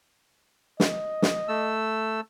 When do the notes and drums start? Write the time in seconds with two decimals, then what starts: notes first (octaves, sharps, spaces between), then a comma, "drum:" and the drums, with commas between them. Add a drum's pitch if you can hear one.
0.80 D#5, drum: snare
1.22 drum: snare
1.48 A3 E6